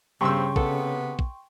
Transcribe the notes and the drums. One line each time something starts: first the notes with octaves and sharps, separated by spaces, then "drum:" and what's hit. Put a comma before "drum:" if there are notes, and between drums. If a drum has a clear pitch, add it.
G2 C#3 B3 C4 G5 C6 C#6 E6
C3 B3 A4, drum: kick
drum: kick